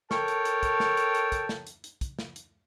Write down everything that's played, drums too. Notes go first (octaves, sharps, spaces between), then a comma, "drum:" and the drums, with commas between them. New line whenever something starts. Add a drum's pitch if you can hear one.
A4 A#4 C#5 G5 A5, drum: snare
drum: hi-hat
drum: hi-hat
drum: kick, hi-hat
drum: snare
drum: hi-hat
drum: hi-hat
drum: kick, hi-hat
drum: snare
drum: hi-hat
drum: hi-hat
drum: kick, hi-hat
drum: snare
drum: hi-hat